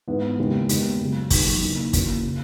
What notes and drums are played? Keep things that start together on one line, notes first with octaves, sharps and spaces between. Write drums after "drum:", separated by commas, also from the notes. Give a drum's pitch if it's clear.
G#2 E3 B3 E4 B4
D#2 C#3 E3 G#3 B3
D#2 D#3 G#3 B3 D#4, drum: hi-hat
F#2 C#3 G#3
E1 D#2 D#3 F#3, drum: kick, open hi-hat
C#3 E3 A#3 D#4
F#1 F#2 E3 A#3, drum: kick, hi-hat
C#3